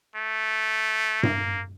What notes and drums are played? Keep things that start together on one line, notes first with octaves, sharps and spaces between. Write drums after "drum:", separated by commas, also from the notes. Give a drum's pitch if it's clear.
A3
A#3, drum: tom G2